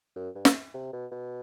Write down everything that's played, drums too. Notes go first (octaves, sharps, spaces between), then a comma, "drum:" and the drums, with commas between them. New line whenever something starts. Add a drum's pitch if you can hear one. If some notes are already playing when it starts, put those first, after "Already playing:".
F#2
G2
drum: snare
C3
B2
B2